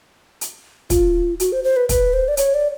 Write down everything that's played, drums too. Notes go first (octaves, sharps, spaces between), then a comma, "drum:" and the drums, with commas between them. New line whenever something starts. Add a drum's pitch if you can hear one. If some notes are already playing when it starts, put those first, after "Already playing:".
drum: hi-hat
F4, drum: kick, hi-hat
F#4, drum: hi-hat
C5
C5
B4
B4, drum: kick, hi-hat
C5
D5
C#5, drum: hi-hat
D5